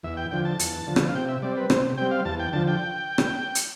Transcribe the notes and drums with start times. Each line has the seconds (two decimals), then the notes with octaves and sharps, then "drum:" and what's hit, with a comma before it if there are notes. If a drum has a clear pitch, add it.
0.03 E2 E5
0.17 G5
0.31 D3 F3 G5
0.45 A5
0.59 E2, drum: hi-hat
0.87 D3 F3
0.96 drum: rim click
1.09 F5
1.14 C3 G5
1.29 E5
1.42 G3 C4 D5
1.57 B4
1.70 C3 C5, drum: rim click
1.98 G3 C4 G5
2.11 F5
2.25 E2 A5
2.40 G5
2.53 D3 F3 A5
2.68 G5
3.18 drum: rim click
3.55 drum: hi-hat